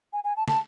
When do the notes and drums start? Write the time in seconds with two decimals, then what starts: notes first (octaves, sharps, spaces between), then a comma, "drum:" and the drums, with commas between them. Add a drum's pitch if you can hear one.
0.13 G#5
0.24 G#5
0.36 A5
0.48 A5, drum: snare